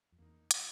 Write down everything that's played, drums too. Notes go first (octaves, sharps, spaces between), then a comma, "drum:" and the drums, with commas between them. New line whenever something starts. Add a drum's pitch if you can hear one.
F2
E2 A#3 D#4
F3, drum: hi-hat